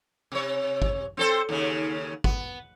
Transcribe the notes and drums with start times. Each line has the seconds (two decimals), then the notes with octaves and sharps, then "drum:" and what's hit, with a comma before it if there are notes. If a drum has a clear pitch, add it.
0.32 C3 C#5
0.82 drum: kick
1.17 C4 A4 C5
1.49 D#2 C#3
2.24 B3, drum: kick